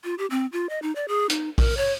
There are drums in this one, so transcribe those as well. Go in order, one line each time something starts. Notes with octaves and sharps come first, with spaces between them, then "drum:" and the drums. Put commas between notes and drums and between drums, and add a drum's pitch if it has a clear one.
F4
G4
C4
F4
D#5
D#4
D5
G#4
D#4, drum: hi-hat
A#4, drum: kick A#1, open hi-hat
C#5